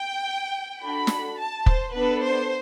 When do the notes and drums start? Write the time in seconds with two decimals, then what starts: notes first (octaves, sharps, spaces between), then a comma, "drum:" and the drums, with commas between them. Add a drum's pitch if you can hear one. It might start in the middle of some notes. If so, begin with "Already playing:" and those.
Already playing: G5
0.81 D4 F#4 A4 B5
1.07 drum: snare
1.39 A5
1.66 C5, drum: kick
1.94 B3 D4 A4 B4
2.23 C5